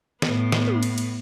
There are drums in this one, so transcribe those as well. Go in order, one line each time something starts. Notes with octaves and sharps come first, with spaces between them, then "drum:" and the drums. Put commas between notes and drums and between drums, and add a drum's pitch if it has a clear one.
A2 B3, drum: snare
drum: snare
drum: tom
drum: cymbal
drum: cymbal